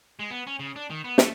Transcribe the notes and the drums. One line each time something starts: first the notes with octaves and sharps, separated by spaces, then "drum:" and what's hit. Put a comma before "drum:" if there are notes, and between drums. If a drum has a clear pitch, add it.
G#3
B3
C#4
C#3
D4
D#3
B3
A3, drum: snare